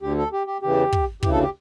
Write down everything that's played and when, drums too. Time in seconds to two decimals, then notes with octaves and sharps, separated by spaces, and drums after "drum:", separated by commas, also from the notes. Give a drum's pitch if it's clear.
0.02 D2 D3 G4
0.18 A4
0.33 G4
0.47 G4
0.63 E2 C#3 E3 G4
0.93 drum: kick
1.23 D2 C#3 E3 G4, drum: kick
1.32 A4
1.43 G4